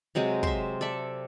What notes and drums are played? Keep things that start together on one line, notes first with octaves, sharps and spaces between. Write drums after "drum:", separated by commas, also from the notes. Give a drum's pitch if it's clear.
C3 F#3 G#3 C4
C5 E5, drum: kick
A4 D5 E5